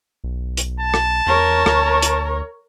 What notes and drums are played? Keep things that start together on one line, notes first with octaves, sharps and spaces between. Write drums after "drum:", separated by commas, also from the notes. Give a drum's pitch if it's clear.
B1
drum: hi-hat
A5
drum: rim click
E2 A#4 C#5
D2, drum: rim click
drum: hi-hat